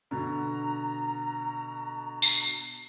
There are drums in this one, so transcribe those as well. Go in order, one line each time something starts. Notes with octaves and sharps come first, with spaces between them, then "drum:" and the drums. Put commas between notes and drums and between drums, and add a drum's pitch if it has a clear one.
B2 D3 A#5
drum: tambourine